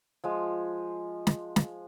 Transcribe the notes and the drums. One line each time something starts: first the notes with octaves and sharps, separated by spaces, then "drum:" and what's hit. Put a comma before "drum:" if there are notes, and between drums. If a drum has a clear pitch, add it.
F3 G#3
drum: snare
drum: snare